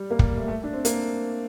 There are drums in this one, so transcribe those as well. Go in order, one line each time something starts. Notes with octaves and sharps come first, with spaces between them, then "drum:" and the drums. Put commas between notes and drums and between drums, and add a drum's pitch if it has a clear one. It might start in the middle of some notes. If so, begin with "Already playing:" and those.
Already playing: G3
A#3
G3, drum: kick
A3
A3
D4
C4
A#3, drum: hi-hat